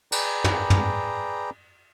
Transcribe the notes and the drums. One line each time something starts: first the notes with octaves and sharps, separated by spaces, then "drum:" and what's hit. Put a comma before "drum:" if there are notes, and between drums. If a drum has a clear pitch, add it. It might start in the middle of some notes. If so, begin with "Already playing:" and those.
G#4 B4 D5 G5 A#5, drum: cymbal
drum: tom
drum: tom